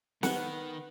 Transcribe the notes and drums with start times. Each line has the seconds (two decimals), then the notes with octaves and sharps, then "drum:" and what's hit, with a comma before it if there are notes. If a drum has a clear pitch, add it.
0.23 D#3 B3 F#5, drum: snare